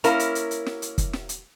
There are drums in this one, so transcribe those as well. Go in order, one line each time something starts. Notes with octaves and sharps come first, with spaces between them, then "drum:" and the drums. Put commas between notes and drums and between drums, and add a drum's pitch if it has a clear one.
A#3 C#4 E4 A#4 A#5, drum: hi-hat
drum: hi-hat
drum: hi-hat
drum: hi-hat
drum: snare
drum: hi-hat
drum: kick, hi-hat
drum: snare
drum: hi-hat